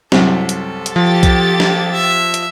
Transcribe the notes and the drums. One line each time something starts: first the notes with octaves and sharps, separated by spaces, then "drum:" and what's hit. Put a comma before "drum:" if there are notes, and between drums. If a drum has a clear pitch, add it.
C2 F#2 C3 A4, drum: snare
drum: hi-hat
drum: hi-hat
F3 G4 A6
drum: kick B1, hi-hat
drum: snare
E5
drum: hi-hat